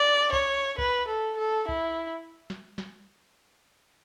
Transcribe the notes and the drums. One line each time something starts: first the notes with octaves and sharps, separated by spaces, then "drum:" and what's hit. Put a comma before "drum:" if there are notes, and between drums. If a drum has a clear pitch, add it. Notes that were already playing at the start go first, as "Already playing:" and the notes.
Already playing: D5
C#5, drum: kick C2
B4, drum: kick C2
A4
A4
E4, drum: kick C2
drum: snare
drum: snare